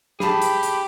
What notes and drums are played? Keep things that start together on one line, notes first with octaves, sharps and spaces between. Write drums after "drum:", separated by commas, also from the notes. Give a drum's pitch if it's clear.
G4 G#4 A5 B5, drum: snare
drum: hi-hat
drum: hi-hat